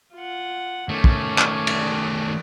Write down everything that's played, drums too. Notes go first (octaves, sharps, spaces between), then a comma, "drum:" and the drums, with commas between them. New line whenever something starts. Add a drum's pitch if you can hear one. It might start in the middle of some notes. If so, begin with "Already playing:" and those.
F4 F#5
D#3 A3 C#4 D6
drum: kick
drum: clap
drum: cymbal